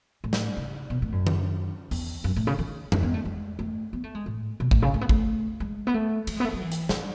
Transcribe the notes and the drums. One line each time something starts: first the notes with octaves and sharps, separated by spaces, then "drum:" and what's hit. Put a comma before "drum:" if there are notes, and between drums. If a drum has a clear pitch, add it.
A2
drum: snare
C#3
B2
A2
F#2
drum: tom D#3
E2, drum: open hi-hat
F#2
A2
C#3
D#3
E3, drum: tom F2
B3
A3
G#3
A3
B3
A3
G#3
A2
B2
A2, drum: kick G#1
C#3
A3
B3
A3, drum: kick G#1
G#3
B3
A3
A3, drum: cymbal
G#3
B3
A3
F#3
E3
drum: hi-hat
A2, drum: snare